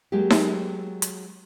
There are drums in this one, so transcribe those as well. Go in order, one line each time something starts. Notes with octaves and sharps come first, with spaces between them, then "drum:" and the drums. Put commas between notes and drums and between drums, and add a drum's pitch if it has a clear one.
F#3 G#3 A#3 G4
drum: snare D#4
drum: hi-hat